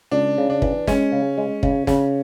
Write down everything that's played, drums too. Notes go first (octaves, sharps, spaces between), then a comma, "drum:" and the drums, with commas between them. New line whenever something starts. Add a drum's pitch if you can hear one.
C#2 D4
C#3
D4
E3, drum: kick
G#3 C#4, drum: snare
C#3
G#3
C#3, drum: kick
C#3, drum: snare